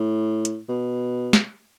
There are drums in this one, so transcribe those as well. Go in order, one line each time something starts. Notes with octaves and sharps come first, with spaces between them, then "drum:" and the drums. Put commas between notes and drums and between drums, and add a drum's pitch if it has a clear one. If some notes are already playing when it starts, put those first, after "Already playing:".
Already playing: A2
drum: hi-hat
B2
drum: snare